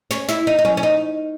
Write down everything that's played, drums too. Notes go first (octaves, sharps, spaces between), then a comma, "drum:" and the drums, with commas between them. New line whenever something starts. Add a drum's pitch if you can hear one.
C#4, drum: snare
E4, drum: snare
D#4
D#4
C#4, drum: tom F3
C#4
D#4